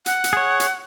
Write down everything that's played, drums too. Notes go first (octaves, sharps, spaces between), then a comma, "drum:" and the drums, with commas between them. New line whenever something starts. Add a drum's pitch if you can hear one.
F#5, drum: hi-hat
drum: hi-hat
G#4 C#5
drum: hi-hat